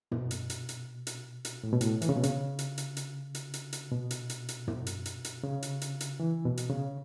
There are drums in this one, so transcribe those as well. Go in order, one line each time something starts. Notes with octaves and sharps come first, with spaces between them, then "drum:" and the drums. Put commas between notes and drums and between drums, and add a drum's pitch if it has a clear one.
B2, drum: tom
drum: hi-hat
drum: hi-hat
drum: hi-hat
drum: hi-hat
drum: hi-hat
A2
B2
A2, drum: hi-hat
E3, drum: hi-hat
C#3
B2
C#3, drum: hi-hat
drum: hi-hat
drum: hi-hat
drum: hi-hat
drum: hi-hat
drum: hi-hat
drum: hi-hat
B2
drum: hi-hat
drum: hi-hat
drum: hi-hat
drum: tom
drum: hi-hat
drum: hi-hat
drum: hi-hat
C#3
drum: hi-hat
drum: hi-hat
drum: hi-hat
E3
B2
drum: hi-hat
C#3